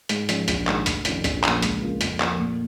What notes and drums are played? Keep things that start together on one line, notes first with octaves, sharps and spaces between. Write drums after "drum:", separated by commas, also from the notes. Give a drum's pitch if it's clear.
G#2, drum: hi-hat
F3 C#4, drum: hi-hat
A#1, drum: hi-hat
G#2 D#3, drum: clap
F1, drum: hi-hat
F2 D#3 C#4 F4, drum: hi-hat
A#1, drum: hi-hat
A#2 F3 A#3 C#4, drum: clap
C#2, drum: hi-hat
C#3 A#3 F4
F2, drum: hi-hat
F3 A#3, drum: clap
A#2